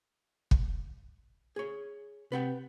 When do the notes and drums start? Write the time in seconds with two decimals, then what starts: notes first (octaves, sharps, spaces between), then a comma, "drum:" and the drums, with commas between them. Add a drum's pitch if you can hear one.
0.51 drum: kick
1.56 G#4 C#5
2.32 C3 B4 F#5 G5